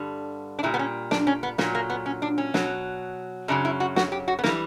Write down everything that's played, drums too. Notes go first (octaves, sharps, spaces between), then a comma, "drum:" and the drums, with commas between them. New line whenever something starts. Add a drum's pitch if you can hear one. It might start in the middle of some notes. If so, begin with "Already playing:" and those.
Already playing: G2 D3 G3
D4
A#2 G3 E4
B3
C#4
D4, drum: snare
C#4
B3
A#2 F#3 A#3, drum: snare
A#3
B3
C#4
D4
C#4
B2 F#3, drum: snare
F#2 C#3 F#3 D4
E4
F#4
F#4, drum: snare
G4
F#4
B3
E3 G3 A#3, drum: snare